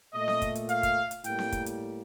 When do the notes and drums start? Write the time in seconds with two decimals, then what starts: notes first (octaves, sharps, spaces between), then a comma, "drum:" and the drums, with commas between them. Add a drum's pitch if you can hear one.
0.14 A#2 A3 D#5
0.28 drum: snare C4
0.42 drum: kick, hi-hat
0.55 drum: hi-hat
0.69 F5, drum: hi-hat
0.83 drum: kick, hi-hat
1.11 drum: hi-hat
1.24 A2 G3 A#3 G5, drum: hi-hat
1.39 drum: snare C4
1.52 drum: kick, hi-hat
1.66 drum: hi-hat